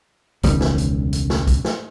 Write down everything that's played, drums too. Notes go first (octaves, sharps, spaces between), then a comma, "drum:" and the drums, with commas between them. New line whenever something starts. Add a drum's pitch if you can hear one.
E1 C#2 D#3 G3, drum: hi-hat
drum: snare
drum: hi-hat
drum: hi-hat
drum: snare
drum: kick, hi-hat
drum: snare